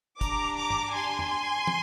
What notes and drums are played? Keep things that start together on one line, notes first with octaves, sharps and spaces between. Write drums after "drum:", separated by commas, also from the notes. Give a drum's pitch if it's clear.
D4 G4 A#5 D6, drum: kick, hi-hat
A#5 D6
drum: tom
G#5 C6
drum: tom
drum: tom